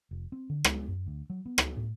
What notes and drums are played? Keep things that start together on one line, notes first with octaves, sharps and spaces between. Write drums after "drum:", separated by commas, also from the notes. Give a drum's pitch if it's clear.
F1
C4
D3
G#3, drum: rim click
F#2
D2
F#3
B3
drum: rim click
A2